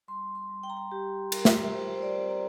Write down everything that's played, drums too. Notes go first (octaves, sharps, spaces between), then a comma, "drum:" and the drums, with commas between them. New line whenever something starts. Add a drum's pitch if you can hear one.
G3 C6
C6
G3
G5
A#5
G5
G3 G4
G3 A#4, drum: cymbal
drum: snare
F4 C5
C5
D5
C4
A#5